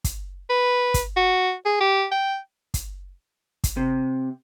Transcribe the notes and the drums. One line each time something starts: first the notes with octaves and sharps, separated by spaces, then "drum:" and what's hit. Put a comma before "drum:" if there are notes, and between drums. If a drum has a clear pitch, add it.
drum: kick, hi-hat
B4
drum: kick, hi-hat
F#4
G#4
G4
G5
drum: kick, hi-hat
drum: kick, hi-hat
C3